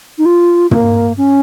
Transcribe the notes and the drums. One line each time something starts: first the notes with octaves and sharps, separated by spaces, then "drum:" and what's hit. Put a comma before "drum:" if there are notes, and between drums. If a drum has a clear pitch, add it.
D#4
F4
A#3, drum: tom
C#4